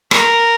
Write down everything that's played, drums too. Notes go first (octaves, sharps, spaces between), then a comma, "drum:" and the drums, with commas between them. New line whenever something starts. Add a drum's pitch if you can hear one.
A#4, drum: rim click